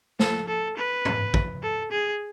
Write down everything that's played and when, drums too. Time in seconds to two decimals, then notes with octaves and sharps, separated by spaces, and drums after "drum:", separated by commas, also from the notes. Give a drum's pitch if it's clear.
0.19 A4, drum: snare
0.48 A4
0.76 B4
1.05 drum: tom G2
1.34 drum: kick
1.63 A4
1.91 G#4